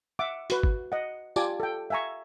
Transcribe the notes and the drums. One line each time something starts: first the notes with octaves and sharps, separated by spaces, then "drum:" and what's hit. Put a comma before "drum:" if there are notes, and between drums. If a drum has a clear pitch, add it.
E5 F#5 D6
F#4 B4, drum: hi-hat
drum: kick G#1
D#5 F#5
F4 G4 D5 G#5 A5 D6, drum: tambourine
A4 G5
E5 F5 G#5 A#5 C#6